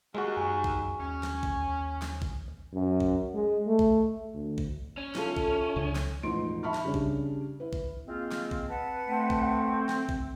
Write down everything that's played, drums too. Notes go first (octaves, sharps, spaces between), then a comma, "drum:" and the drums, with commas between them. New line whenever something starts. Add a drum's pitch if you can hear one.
D#2 G#3 F#4
F#2 G#5 C#6
drum: kick A#1
D#2 C#4
drum: snare
drum: kick A#1
drum: snare
drum: kick A#1
F#2
drum: kick A#1
G#3
A3
drum: kick A#1
D2
drum: kick A#1
C#4
E4 F4 A4, drum: snare
drum: kick A#1
C#2 C#3 D4
drum: snare
E1 A1 F3 D#4 C6 D7
E5 A5 B5 C#6 F6
drum: snare
C#3 G3 C#4 D4 G4
drum: kick A#1
E4 B4
drum: kick A#1
G#3 A#3 C4 F4
drum: snare
drum: kick A#1
B4 F#5 A5
A3 C4
drum: kick A#1
drum: snare
drum: kick A#1